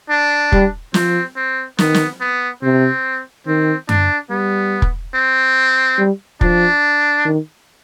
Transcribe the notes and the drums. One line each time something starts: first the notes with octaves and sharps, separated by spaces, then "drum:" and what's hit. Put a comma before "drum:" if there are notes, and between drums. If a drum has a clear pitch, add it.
D4
G3, drum: kick
F3 C4, drum: snare
C4
D#3 B3, drum: snare
drum: snare
B3
C3 C4
D#3 C4
D4, drum: tom F#2
G3 B3
drum: kick
C4
G3
F3 D4, drum: kick
D#3